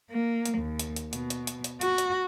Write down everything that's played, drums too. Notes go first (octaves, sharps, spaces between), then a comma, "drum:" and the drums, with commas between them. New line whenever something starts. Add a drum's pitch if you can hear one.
A#3
drum: hi-hat
D#2
drum: hi-hat
drum: hi-hat
B2, drum: hi-hat
drum: hi-hat
drum: hi-hat
drum: hi-hat
F#4, drum: hi-hat
drum: hi-hat